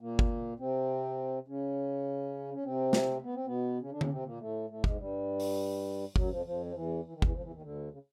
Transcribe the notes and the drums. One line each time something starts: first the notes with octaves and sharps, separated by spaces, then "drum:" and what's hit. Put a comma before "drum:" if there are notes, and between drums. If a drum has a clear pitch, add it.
A#2 A#3
drum: kick
C3 C4
C#3 C#4
C#4
C3 C4
drum: snare
B3
C4
B2 B3
C#3 C#4
D3 D4
C#3 C#4, drum: tom D3
C3 C4
A#2 A#3
A2 A3
A2 A3
G#2 G#3, drum: kick
G2 G3
drum: open hi-hat
F#2 F#3, drum: kick
F2 F3
F2 F3
F3
E2 E3
E3
D#3
E2 E3, drum: kick
F2 F3
E2 E3
D#2 D#3
D2 D3
C#3